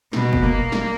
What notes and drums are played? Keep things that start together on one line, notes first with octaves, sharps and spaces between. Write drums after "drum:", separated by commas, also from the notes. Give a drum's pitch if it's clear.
B2, drum: snare
drum: kick
A#3
drum: snare